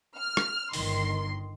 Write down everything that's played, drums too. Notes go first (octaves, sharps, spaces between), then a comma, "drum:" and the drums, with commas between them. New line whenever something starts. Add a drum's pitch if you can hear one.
F6
drum: rim click
G1 D#3 C6, drum: open hi-hat